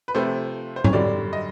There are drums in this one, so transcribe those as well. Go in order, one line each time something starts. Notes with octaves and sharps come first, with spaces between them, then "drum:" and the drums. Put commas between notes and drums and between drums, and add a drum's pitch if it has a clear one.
B4
C3 F3 A3 C5
C5
C#5, drum: tom G#2
F#2 D3 G3 D5
D#5